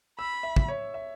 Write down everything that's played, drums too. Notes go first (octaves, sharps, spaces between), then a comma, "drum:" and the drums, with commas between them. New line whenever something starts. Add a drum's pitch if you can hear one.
B5 E6
E5
drum: kick
C#5
E5